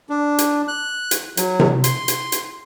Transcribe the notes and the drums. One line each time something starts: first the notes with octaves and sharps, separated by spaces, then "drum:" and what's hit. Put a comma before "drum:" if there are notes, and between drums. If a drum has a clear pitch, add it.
D4
drum: hi-hat
F#6
drum: hi-hat
F#3, drum: hi-hat
drum: tom C3
C6, drum: hi-hat
drum: hi-hat
drum: hi-hat